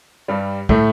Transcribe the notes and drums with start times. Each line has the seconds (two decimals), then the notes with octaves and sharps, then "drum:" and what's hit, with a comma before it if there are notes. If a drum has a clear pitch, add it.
0.28 G2 G3
0.69 A2 A3, drum: kick